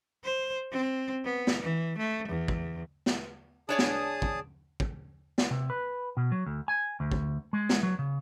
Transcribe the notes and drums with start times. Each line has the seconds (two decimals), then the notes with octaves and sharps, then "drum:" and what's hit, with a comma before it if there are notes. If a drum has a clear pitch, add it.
0.24 C5
0.71 C4
1.24 B3
1.47 drum: snare
1.62 E3
1.98 A3
2.28 E2
2.48 drum: kick
3.06 drum: snare
3.69 D4 G#4 C#5 D5 A5 D#6
3.79 drum: snare
4.22 drum: kick
4.80 drum: kick
5.38 drum: snare
5.50 C3
5.70 B4
6.17 B2
6.32 F#3
6.46 D2
6.68 G#5
7.00 D2
7.12 drum: kick
7.53 G#3
7.69 drum: snare
7.83 F#3
7.99 C#3